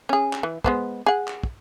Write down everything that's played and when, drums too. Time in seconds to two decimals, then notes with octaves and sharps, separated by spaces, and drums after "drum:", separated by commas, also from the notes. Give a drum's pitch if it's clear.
0.09 C#4 G#4
0.33 drum: clap
0.43 E3
0.64 G#3 B3 C5, drum: kick
1.06 G#4 F#5
1.28 drum: clap
1.43 drum: kick